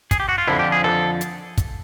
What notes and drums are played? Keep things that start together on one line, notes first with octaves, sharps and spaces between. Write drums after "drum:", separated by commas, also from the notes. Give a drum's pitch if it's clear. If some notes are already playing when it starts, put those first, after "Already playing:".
G#4, drum: kick, hi-hat
G4
F#4
F4
F2 D3 F3 E4, drum: snare
G4
G#4
A4, drum: snare
drum: hi-hat
drum: kick, hi-hat